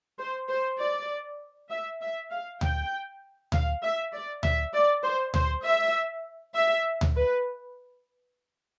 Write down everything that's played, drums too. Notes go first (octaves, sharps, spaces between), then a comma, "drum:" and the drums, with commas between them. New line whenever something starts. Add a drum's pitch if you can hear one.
C5
C5
D5
E5
E5
F5
G5, drum: tom D2
F5, drum: tom D2
E5
D5
E5, drum: tom D2
D5
C5
C5, drum: tom D2
E5
E5
drum: tom D2
B4